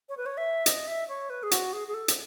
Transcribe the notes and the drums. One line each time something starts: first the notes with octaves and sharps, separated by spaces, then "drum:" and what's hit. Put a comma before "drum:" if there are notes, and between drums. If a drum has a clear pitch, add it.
C#5
B4
C#5
E5
D#5, drum: hi-hat
E5
C#5
B4
G#4
F#4, drum: hi-hat
G#4
G#4
A4
drum: hi-hat